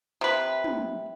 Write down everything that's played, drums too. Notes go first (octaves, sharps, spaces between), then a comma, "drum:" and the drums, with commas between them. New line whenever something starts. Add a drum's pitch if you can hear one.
C3 B4
drum: tom